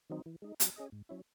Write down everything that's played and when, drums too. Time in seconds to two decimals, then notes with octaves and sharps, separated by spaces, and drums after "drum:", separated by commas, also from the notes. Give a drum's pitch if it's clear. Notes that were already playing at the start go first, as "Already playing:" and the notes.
0.09 D#3 F#3 C4 D#4
0.26 E3
0.42 G#3 D#4
0.60 F#3, drum: hi-hat
0.76 C#4 G#4 D#5
0.92 G#2
1.09 F#3 C#4 E4